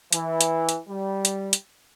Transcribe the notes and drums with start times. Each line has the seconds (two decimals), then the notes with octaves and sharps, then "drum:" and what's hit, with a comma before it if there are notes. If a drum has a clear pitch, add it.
0.13 E3, drum: hi-hat
0.41 drum: hi-hat
0.69 drum: hi-hat
0.89 G3
1.25 drum: hi-hat
1.53 drum: hi-hat